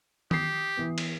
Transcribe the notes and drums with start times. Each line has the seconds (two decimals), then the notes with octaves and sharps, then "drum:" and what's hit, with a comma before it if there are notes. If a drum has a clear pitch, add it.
0.31 G4 D#6 C7, drum: tom D#3
0.77 E3 B3
0.98 drum: cymbal